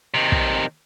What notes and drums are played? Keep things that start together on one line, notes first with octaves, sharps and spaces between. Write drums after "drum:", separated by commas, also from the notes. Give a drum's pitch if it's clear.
C3 D#3
drum: kick